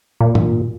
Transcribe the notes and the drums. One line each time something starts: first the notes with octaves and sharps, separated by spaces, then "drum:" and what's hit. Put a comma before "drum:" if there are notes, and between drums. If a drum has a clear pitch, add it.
A#2
drum: tom G2